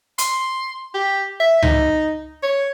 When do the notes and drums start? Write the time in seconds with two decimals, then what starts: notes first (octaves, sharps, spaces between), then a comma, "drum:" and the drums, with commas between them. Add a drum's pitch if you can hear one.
0.18 C6, drum: hi-hat
0.94 G4
1.40 E5
1.62 D#4, drum: tom C#2
2.43 C#5